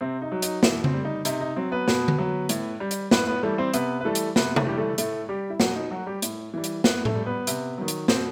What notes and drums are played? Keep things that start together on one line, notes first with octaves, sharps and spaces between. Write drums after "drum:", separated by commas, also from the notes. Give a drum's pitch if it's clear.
C3 C4
D#4
F#3
D#4, drum: hi-hat
B2 E3 E4, drum: snare
C4, drum: tom C#3
G3
D#4
C3 D#4, drum: hi-hat
D#4
F#3 C4
B3 B4
B2, drum: snare
drum: tom D3
F#3
A2, drum: hi-hat
G3
drum: hi-hat
A2 B3 B4, drum: snare
B3 B4
E3 G3 A3 A4
C4 C5
C3 B3 B4, drum: hi-hat
B4
E3 G3 A3 A4
drum: hi-hat
C3 B3 B4, drum: snare
A3 A4, drum: tom C3
E3 G3 G4
A3 A4
A2 A3 A4, drum: hi-hat
G3 G4
E4
B2 F#3 F#4, drum: snare
D#4
F#3 F#4
G3 G4
A2, drum: hi-hat
E3 G3
drum: hi-hat
A2 B3 B4, drum: snare
A3 A4, drum: tom A2
G3
B3 B4
C3, drum: hi-hat
D#3 F#3
drum: hi-hat
B2 C4 C5, drum: snare